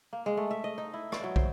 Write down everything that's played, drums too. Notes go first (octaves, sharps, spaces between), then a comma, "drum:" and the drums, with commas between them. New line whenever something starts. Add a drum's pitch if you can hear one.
A#3
G#3
A3
E5
D#5
D#4
E4
D5, drum: rim click
F#3
C5, drum: kick